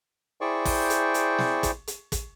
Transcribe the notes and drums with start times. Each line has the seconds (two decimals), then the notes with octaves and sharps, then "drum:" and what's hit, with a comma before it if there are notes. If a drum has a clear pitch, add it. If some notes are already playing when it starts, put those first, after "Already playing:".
0.41 E4 G#4 C5 D5 G5 C#6
0.65 drum: kick, open hi-hat
0.90 drum: hi-hat
1.14 drum: hi-hat
1.39 drum: snare
1.63 drum: kick, hi-hat
1.87 drum: hi-hat
2.12 drum: kick, hi-hat